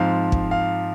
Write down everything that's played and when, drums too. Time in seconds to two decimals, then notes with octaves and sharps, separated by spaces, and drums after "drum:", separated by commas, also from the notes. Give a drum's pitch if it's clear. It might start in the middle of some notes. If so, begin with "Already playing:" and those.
Already playing: G#2 F3 C4 F5
0.32 drum: kick
0.51 F5